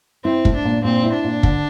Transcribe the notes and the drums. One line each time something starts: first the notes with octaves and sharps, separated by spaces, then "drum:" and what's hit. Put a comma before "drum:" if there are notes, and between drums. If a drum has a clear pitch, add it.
C4 E4
A3, drum: kick
D4
A#2
A#2 C4
E4
D4
A#2
D3, drum: kick